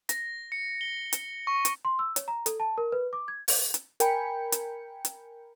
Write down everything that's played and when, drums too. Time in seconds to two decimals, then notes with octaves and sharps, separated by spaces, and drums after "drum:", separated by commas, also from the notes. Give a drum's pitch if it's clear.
0.09 A#6, drum: hi-hat
0.52 C#7
0.81 G7
1.13 drum: hi-hat
1.47 C#6
1.65 drum: hi-hat
1.85 C6
1.99 E6
2.16 C#5, drum: hi-hat
2.28 A#5
2.46 A4, drum: hi-hat
2.60 A5
2.78 A#4
2.92 B4
3.13 D6
3.28 G#6
3.48 drum: open hi-hat
3.74 drum: hi-hat
4.00 A#4 G5 G#5 B5 C#7, drum: hi-hat
4.52 drum: hi-hat
5.05 drum: hi-hat